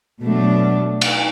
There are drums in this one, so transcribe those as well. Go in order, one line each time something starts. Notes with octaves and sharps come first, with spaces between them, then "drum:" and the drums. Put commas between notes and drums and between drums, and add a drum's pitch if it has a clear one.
B2 F#3 A3 D4
drum: cymbal